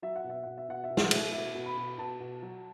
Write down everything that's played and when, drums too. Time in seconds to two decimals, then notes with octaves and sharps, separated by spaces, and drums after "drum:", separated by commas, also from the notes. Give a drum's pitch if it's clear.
0.02 F#3 E5
0.16 F#5
0.24 B2
0.30 E5
0.43 B2 F#5
0.58 E5
0.69 B2 F#5
0.84 E5
0.90 B2
0.97 F#5, drum: snare
1.11 B2 E5, drum: cymbal
1.33 B2 E5
1.55 B2
1.66 B5
1.77 B2
1.98 B2 A5
2.20 B2
2.42 F#3